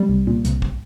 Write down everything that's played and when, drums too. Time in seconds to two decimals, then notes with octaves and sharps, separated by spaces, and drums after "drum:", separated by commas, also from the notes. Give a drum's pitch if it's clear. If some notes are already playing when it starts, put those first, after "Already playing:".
Already playing: G3
0.09 C2
0.27 A#2
0.45 C2, drum: hi-hat
0.62 drum: kick